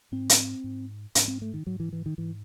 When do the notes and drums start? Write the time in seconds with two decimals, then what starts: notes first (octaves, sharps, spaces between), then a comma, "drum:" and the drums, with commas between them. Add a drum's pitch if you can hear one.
0.12 G#2 C4
0.29 drum: hi-hat
0.64 G#2
1.15 G#2 C#4, drum: hi-hat
1.28 C4
1.42 A3
1.54 D#3
1.67 G#2 F#3
1.80 E3
1.93 E3
2.06 D#3
2.18 G#2 E3